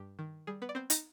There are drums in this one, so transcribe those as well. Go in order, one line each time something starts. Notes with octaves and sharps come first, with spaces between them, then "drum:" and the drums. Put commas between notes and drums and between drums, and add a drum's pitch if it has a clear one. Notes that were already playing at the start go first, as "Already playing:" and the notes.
Already playing: G2 G4
D#3
G3 G#4
B3 B4
D5
B3 C4 C5
D#4 D#5, drum: hi-hat